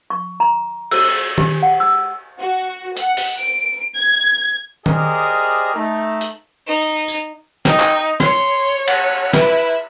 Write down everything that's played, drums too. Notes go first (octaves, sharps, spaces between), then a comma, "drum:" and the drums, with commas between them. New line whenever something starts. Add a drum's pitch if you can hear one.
C#6
A#5
E6, drum: cymbal
G4, drum: tom D#3
F#5
E6
F#4
F#5, drum: hi-hat
drum: open hi-hat
D7
G#6
G4 G#4 A#4 C5 D5 D#5, drum: tom D#3
A3 D#4 A#5
drum: hi-hat
D#4
drum: tambourine
D#4 G5, drum: snare
drum: clap
C#5 C6, drum: snare
F#5, drum: cymbal
E4 B4, drum: snare